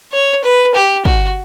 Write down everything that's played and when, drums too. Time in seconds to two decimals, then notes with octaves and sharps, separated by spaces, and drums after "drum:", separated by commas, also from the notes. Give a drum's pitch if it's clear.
0.12 C#5
0.44 B4
0.75 G4
1.05 F#4, drum: kick